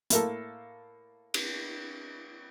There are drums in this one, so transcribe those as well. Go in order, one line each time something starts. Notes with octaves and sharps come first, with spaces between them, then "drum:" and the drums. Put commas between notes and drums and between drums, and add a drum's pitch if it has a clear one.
A2 A#3 A4, drum: hi-hat
drum: cymbal